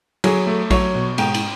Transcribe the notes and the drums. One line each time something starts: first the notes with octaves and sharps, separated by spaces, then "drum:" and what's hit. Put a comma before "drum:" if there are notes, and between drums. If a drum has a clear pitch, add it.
F#3 G#4, drum: cymbal
A3
F#3 C#5, drum: kick A#1, cymbal
B2
G#2 G5, drum: cymbal
drum: cymbal